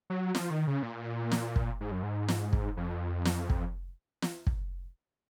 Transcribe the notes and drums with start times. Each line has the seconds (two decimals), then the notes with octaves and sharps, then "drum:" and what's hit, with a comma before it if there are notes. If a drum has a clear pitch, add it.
0.10 F#3
0.35 F3, drum: snare
0.50 D#3
0.67 C#3
0.83 A#2
1.31 drum: snare
1.56 drum: kick
1.81 G#2
1.91 F#2
2.03 G#2
2.28 drum: snare
2.53 drum: kick
2.77 F2
3.25 drum: snare
3.50 drum: kick
4.22 drum: snare
4.47 drum: kick